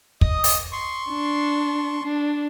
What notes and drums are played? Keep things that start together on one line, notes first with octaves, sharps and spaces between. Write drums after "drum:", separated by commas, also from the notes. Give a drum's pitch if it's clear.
D#5 D#6, drum: kick
drum: open hi-hat
C6 C#6
D4
D4